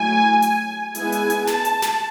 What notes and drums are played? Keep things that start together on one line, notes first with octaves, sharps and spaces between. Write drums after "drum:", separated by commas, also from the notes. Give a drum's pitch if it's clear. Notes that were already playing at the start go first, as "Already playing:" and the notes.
Already playing: F#3 A3 E4 G#5
G#5, drum: hi-hat
G#3 B3 E4 G#5, drum: hi-hat
drum: hi-hat
drum: hi-hat
A5, drum: snare
drum: hi-hat
drum: snare